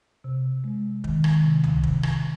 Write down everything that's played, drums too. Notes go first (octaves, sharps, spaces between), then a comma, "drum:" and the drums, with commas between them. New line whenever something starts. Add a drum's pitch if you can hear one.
C3
G#3
D#3, drum: kick
drum: rim click
C3
drum: tom
C3, drum: kick
drum: rim click